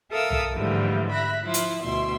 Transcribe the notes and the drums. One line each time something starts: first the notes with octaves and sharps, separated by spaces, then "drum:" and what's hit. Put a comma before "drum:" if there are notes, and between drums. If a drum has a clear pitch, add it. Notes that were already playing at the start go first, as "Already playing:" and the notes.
A4 A#4 E5 F5 D#6 E6
drum: tom B1
G#2 D3 E3 F3 G3 A3
E5 B5 F#6 A#6
F3 E4 F4
drum: hi-hat
D2 B2 E5 C6